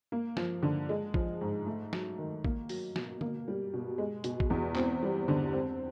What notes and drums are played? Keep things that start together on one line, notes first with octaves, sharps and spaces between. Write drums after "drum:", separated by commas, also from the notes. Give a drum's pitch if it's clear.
A#3
F3, drum: snare
D3
G#3
F3, drum: kick
G#2
A3
F#3, drum: snare
D#3
A#3, drum: kick
F#3, drum: open hi-hat
B2, drum: snare
A#3, drum: tom D3
G3
B2
G#3
B2, drum: hi-hat
drum: kick
E2
C4, drum: clap
G3
D3
C4